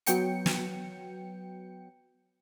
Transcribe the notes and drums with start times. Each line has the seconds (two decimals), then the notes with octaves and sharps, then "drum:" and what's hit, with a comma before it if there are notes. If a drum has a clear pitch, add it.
0.07 F#3 B3 G5 C#7, drum: hi-hat
0.46 drum: snare